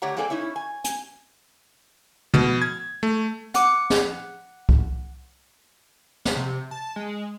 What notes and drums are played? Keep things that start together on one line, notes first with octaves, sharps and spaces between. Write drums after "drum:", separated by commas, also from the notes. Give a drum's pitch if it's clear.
D3 A3 G4 C#5 F#5 A#5
G#3 A#3 C4 A4 D5 G#5
C#4 D#4 E4 C#5
G#5
G#5, drum: hi-hat
B2, drum: tom
G#6
A3
F#5 D6, drum: hi-hat
drum: snare
drum: kick C2
drum: snare
C3
A5
G#3